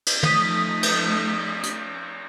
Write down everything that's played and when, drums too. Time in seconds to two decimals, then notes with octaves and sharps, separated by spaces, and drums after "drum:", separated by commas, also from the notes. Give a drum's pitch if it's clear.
0.06 drum: cymbal
0.23 F3 A3 D#4 D#6 B6, drum: tom
0.83 drum: cymbal
1.63 drum: hi-hat